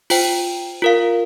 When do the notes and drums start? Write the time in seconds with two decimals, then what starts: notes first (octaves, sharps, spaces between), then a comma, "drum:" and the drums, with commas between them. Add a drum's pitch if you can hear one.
0.10 F4 C5 G5, drum: open hi-hat
0.82 F4 A#4 F5